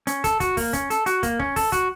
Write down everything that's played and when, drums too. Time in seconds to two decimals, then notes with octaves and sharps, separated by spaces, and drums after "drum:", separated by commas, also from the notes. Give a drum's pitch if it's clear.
0.07 C#4, drum: hi-hat
0.24 A4, drum: kick, hi-hat
0.40 F#4, drum: kick, hi-hat
0.57 A#3, drum: kick, open hi-hat
0.73 C#4, drum: kick, hi-hat
0.90 A4, drum: hi-hat
1.06 F#4, drum: hi-hat
1.23 A#3, drum: kick, hi-hat
1.39 C#4, drum: kick
1.56 A4, drum: kick, open hi-hat
1.72 F#4, drum: kick, hi-hat